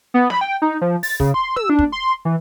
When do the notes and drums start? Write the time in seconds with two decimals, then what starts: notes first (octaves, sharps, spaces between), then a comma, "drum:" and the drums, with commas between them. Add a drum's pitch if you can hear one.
0.14 B3
0.30 B5, drum: snare
0.41 G5
0.62 D#4
0.81 F3
1.03 A6, drum: open hi-hat
1.20 C#3, drum: kick
1.34 C6
1.56 E6, drum: tom
1.70 D4
1.79 drum: kick
1.92 C6
2.25 E3